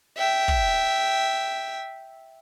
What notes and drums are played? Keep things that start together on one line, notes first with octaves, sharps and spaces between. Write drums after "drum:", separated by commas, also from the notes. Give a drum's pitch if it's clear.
E5 G5
drum: kick